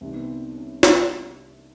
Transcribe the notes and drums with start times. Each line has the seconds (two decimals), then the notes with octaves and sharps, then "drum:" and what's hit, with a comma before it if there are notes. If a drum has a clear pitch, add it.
0.01 C2 C3 D#3 C4
0.11 B3
0.20 C4
0.56 C#4
0.83 D4, drum: snare